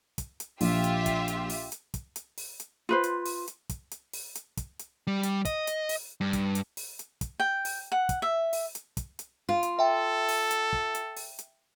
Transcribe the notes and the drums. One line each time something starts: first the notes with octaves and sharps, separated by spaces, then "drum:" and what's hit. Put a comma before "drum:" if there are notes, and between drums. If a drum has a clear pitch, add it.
drum: kick, hi-hat
drum: hi-hat
A#1 F4 G4 E5, drum: open hi-hat
drum: hi-hat
drum: kick, hi-hat
drum: hi-hat
drum: open hi-hat
drum: hi-hat
drum: kick, hi-hat
drum: hi-hat
drum: open hi-hat
drum: hi-hat
F4 B4 C5
drum: hi-hat
drum: open hi-hat
drum: hi-hat
drum: kick, hi-hat
drum: hi-hat
drum: open hi-hat
drum: hi-hat
drum: kick, hi-hat
drum: hi-hat
G3
drum: hi-hat
D#5, drum: kick, hi-hat
drum: hi-hat
drum: open hi-hat
G2
drum: kick, hi-hat
drum: hi-hat
drum: open hi-hat
drum: hi-hat
drum: kick, hi-hat
G5
drum: open hi-hat
F#5
drum: kick, hi-hat
E5
drum: open hi-hat
drum: hi-hat
drum: kick, hi-hat
drum: hi-hat
F4
drum: hi-hat
A4 E5 G5
drum: open hi-hat
drum: hi-hat
drum: kick
drum: hi-hat
drum: open hi-hat
drum: hi-hat